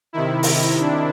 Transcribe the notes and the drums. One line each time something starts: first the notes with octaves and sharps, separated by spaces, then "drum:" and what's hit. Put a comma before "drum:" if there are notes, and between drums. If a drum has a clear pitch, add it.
C3 D#3 E4
drum: open hi-hat
D4